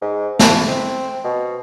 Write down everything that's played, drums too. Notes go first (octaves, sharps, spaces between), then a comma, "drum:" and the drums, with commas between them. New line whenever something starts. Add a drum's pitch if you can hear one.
G#2
A3, drum: snare
C4
B2